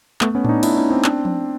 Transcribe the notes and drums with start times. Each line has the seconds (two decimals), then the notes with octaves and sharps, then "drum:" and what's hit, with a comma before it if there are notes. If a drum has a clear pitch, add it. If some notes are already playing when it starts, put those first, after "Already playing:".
0.21 A3 B3, drum: clap
0.35 B3 C#4
0.45 D4, drum: tom A2
0.49 C#4 D#4
0.63 D4 E4, drum: cymbal
0.77 C#4 D#4
0.91 C4 D4
1.04 C4 D4, drum: clap
1.25 drum: tom F3